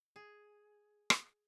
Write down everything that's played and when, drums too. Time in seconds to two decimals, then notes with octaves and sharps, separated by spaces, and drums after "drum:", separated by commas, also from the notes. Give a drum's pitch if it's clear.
0.16 G#4
1.10 drum: rim click